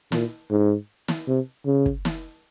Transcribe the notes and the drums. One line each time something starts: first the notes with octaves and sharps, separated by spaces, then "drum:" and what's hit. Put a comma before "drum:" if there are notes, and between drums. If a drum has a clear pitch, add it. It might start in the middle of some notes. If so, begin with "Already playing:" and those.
A#2, drum: snare
G#2
drum: snare
C3
C#3
drum: kick
drum: snare